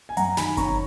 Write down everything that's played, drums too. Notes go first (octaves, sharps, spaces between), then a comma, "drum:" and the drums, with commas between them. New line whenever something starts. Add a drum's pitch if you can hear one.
G#5
F#2 F#5 A#5, drum: hi-hat
D#3 G#5 B5, drum: snare
C#4 A#5 C#6, drum: kick G1, hi-hat